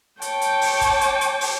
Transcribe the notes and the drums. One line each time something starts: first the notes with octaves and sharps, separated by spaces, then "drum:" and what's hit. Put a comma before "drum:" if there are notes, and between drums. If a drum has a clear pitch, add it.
C#5 G5 A5 D6, drum: hi-hat
drum: hi-hat
drum: open hi-hat
drum: kick, hi-hat
drum: hi-hat
drum: hi-hat
drum: open hi-hat